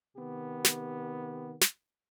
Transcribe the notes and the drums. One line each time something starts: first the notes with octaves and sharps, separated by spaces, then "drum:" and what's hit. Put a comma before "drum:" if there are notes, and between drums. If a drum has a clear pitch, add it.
C3 D#3 B3 G4
drum: snare
drum: snare